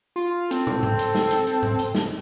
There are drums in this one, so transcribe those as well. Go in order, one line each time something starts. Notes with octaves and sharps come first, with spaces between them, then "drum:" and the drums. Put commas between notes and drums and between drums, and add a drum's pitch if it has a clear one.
F4
C4 A4, drum: hi-hat
drum: tom
drum: tom G#2
drum: hi-hat
drum: snare
drum: hi-hat
drum: hi-hat
drum: tom G#2
drum: hi-hat
drum: snare